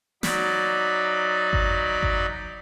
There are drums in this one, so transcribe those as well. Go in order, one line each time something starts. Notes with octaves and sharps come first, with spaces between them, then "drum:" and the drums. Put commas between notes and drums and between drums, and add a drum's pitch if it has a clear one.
F#3 D#4 D5 B5, drum: snare
drum: kick G#1
drum: kick G#1